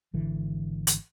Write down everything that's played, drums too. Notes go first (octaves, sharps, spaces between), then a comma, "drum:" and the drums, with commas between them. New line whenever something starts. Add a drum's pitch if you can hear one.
G#1 D3 E3
drum: hi-hat